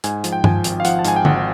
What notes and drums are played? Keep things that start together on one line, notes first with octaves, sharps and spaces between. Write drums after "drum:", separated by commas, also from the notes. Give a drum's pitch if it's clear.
G#2 G#5, drum: hi-hat
F3, drum: hi-hat
G5
F3 G#5, drum: tom G2
G#1, drum: hi-hat
F5
F3 F#5, drum: hi-hat
A5
G#2 G#5, drum: hi-hat
G5
G#1 F#5, drum: tom D3